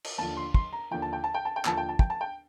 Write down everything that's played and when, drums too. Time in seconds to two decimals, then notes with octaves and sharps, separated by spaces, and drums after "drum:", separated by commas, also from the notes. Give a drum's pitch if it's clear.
0.04 drum: cymbal
0.18 D#2 D3 F3 A5
0.37 C6
0.54 C6, drum: kick
0.73 A#5
0.91 D#2 D3 F3 G5
1.02 A5
1.13 G5
1.24 A5
1.34 G5
1.45 A5
1.56 G5
1.65 D#2 D3 F3 A5, drum: clap
1.77 G5
1.89 A5
1.99 G5, drum: kick
2.10 A5
2.21 G5